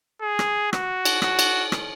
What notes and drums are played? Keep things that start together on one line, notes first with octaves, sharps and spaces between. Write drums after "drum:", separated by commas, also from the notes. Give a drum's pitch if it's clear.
G#4
drum: rim click
F#4, drum: rim click
drum: cymbal
F#4, drum: rim click
drum: cymbal
drum: rim click